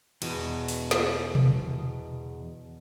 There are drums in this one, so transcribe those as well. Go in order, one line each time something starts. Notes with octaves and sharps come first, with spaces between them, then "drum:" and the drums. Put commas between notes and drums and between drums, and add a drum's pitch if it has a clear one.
E2 B2, drum: cymbal
drum: open hi-hat
drum: snare
drum: tom B2